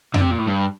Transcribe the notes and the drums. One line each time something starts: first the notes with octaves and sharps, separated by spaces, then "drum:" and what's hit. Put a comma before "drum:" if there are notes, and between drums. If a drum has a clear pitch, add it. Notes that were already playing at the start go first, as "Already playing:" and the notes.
D3, drum: tom F2
C3
A#2
A2
G2